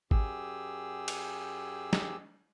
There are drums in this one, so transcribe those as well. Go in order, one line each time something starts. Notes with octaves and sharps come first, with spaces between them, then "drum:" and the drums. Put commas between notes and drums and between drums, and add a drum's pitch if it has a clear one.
F#2 G4 G#4 E6, drum: kick G#1
drum: cymbal
drum: snare